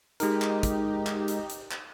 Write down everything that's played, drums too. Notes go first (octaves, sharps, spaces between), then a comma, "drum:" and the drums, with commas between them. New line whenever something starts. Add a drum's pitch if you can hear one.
G#3 D#4 G4 A#4, drum: hi-hat
drum: clap
drum: kick, hi-hat
drum: clap
drum: hi-hat
drum: hi-hat
drum: clap